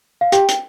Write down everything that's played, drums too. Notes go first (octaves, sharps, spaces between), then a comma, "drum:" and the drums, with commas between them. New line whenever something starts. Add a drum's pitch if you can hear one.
F5
G4 G5, drum: hi-hat
drum: hi-hat